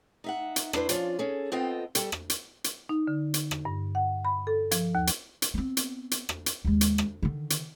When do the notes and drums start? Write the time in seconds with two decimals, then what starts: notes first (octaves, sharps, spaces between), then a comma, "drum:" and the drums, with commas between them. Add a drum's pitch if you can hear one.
0.24 D#4 E5 F#5
0.56 drum: hi-hat
0.73 D4 E4 A4 B4 C5, drum: rim click
0.89 F3 C#4 D4 F4, drum: hi-hat
1.19 C#4 G#4 A4
1.52 B3 C4 F4 A4 D#5 G5
1.95 G3 A4, drum: hi-hat
2.12 drum: rim click
2.30 drum: hi-hat
2.64 drum: hi-hat
2.89 D#4
3.07 D3
3.34 drum: hi-hat
3.51 drum: rim click
3.65 G2
3.95 F#5
4.25 B5
4.47 A4
4.71 F3, drum: hi-hat
4.95 D#2
5.07 drum: hi-hat
5.42 drum: hi-hat
5.54 B3 C4
5.77 drum: hi-hat
6.11 drum: hi-hat
6.29 drum: rim click
6.46 drum: hi-hat
6.64 D#2 G#3
6.81 drum: hi-hat
6.98 drum: rim click
7.22 D3 D#3
7.50 drum: hi-hat